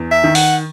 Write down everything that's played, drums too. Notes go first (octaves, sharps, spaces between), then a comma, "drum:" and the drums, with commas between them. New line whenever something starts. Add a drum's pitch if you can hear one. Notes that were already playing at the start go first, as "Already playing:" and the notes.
Already playing: E2
E5
D#3
F#5, drum: open hi-hat